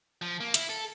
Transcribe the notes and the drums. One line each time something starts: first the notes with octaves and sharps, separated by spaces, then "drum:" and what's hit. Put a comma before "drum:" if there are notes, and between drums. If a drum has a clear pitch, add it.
F3
A#3
E4, drum: hi-hat
A4